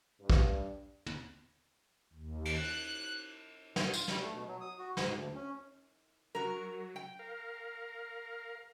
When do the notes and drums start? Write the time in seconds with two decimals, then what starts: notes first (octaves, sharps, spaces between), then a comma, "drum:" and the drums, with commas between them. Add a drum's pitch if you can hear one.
0.21 G2
0.30 drum: kick
1.06 drum: tom
2.13 D#2
2.45 drum: cymbal
2.57 F#6
3.76 A#2, drum: snare
3.94 F4, drum: tambourine
4.08 G3, drum: snare
4.21 A3
4.34 B2
4.48 F#3
4.61 D#6
4.79 F#4
4.97 G#2, drum: snare
5.14 D2
5.35 C#4
6.35 F#3 F#4 A#4
6.96 G5
7.19 A#4 F5